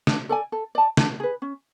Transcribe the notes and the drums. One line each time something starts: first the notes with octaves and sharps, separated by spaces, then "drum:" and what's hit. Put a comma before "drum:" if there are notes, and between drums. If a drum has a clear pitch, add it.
D4, drum: snare
A4 D5 G#5
A4
D5 A5
D4, drum: snare
G#4 B4
C#4